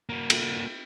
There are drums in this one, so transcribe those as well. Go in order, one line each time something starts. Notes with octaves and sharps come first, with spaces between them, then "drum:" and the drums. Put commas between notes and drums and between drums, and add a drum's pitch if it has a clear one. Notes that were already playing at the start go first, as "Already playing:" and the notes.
A#3 F#4
drum: cymbal